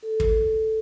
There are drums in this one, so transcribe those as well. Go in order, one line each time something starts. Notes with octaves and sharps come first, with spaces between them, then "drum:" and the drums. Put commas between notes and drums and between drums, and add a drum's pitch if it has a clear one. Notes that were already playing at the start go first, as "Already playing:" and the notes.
A4
drum: kick